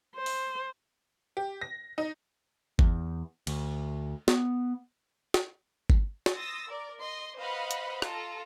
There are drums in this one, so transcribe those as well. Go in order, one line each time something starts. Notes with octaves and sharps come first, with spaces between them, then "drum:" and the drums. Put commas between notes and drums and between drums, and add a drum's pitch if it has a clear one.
C5
drum: open hi-hat
G4
A#6
D#4
E2, drum: kick G1
D2, drum: cymbal
B3, drum: snare
drum: snare
drum: kick G1
drum: snare
C6 D#6 E6 A6 A#6
A#4 D5
D#5 C6
B4 C5 D#5 F5 F#5 B5
drum: hi-hat
F4 A4 A#5, drum: rim click